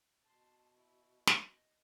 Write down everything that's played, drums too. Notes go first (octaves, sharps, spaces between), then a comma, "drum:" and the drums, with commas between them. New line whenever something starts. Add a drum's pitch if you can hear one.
B2 A5 C6
E4
D#4, drum: snare